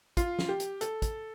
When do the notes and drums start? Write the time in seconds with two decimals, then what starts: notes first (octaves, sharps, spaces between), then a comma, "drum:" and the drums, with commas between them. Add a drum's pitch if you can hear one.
0.17 F4, drum: kick, hi-hat
0.39 drum: snare
0.49 G4
0.60 drum: hi-hat
0.81 A4, drum: hi-hat
1.02 drum: kick, hi-hat